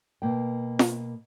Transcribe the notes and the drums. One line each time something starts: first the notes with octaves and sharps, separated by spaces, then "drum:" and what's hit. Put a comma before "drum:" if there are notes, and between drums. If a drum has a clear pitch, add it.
B2 A#3 G5
drum: snare